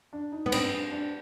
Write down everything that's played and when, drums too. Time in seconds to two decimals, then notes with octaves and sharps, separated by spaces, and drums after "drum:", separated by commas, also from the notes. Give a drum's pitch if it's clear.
0.13 D4
0.32 D#4
0.46 B3
0.52 C4 D4, drum: cymbal
0.72 D4
0.91 D4